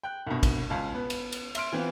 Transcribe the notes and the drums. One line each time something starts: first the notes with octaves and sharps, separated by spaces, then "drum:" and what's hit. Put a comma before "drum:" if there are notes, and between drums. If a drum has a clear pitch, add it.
G5 F#6
C2 G2 B2
drum: kick, cymbal
C#2 F5 A5
B3
drum: cymbal
drum: cymbal
E5 C6 F6 D7, drum: cymbal
E3 B3 C4 F4